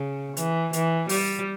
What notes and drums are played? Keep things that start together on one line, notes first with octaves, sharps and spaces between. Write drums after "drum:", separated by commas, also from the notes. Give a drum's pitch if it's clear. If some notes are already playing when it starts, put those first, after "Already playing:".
Already playing: C#3
E3, drum: hi-hat
E3, drum: hi-hat
G3, drum: open hi-hat